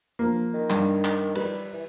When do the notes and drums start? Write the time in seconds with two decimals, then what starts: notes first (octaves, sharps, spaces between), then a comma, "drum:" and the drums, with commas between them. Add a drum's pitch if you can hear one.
0.19 F3 A#3
0.54 D#3
0.70 G2, drum: clap
1.04 drum: clap
1.35 G3 B4, drum: cymbal
1.74 E3